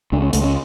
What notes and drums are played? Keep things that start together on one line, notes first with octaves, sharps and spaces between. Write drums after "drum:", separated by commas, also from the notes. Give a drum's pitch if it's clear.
C#2 D4
C#4
C#2 A3, drum: hi-hat
C#4